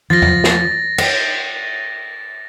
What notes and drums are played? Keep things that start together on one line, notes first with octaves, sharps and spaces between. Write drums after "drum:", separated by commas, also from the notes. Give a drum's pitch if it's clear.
F3 A6 A#6
drum: tom E2
drum: snare
G5, drum: cymbal